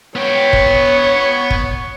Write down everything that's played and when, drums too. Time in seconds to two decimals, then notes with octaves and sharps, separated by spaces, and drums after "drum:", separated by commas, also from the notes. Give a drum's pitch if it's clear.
0.16 B3 C#5 G5
0.53 drum: kick
1.50 drum: kick